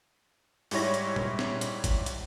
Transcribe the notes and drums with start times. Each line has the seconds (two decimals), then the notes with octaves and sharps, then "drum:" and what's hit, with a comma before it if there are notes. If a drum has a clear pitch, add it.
0.71 G#2 G3 E4 C#5 A#6, drum: open hi-hat
0.94 drum: hi-hat
1.16 drum: tom A#2
1.39 drum: snare
1.61 drum: hi-hat
1.84 drum: kick G1, hi-hat
2.06 drum: hi-hat